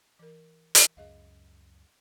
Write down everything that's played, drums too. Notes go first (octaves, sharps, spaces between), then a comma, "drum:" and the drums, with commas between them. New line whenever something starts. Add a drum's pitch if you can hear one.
E3 A#4
drum: hi-hat
C#2 F#2 G#4 D#5 F5